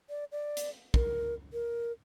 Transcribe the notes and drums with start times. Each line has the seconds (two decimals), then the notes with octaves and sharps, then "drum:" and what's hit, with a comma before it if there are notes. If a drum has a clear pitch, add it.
0.09 D5
0.32 D5
0.57 drum: hi-hat
0.94 A#4, drum: kick
1.53 A#4